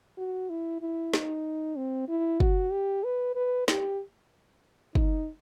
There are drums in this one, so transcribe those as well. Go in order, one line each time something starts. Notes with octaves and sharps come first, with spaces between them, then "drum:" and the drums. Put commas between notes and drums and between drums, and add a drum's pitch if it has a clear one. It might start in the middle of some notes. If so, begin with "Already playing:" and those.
F#4
E4
E4
D#4, drum: snare
C4
E4
F#4, drum: kick
G4
B4
B4
G4, drum: snare
D#4, drum: kick